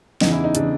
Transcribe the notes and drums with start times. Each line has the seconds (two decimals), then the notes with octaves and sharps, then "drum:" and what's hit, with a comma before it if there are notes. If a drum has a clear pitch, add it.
0.21 E2 C#3 E3 D#4, drum: snare
0.32 E4
0.44 D#4
0.55 C#3 E3 D4, drum: hi-hat